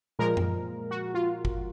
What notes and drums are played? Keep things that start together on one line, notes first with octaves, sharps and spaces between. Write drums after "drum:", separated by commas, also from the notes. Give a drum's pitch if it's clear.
A#2 F3 G#3 A#4
drum: tom F#2
F#4
F4
drum: kick G1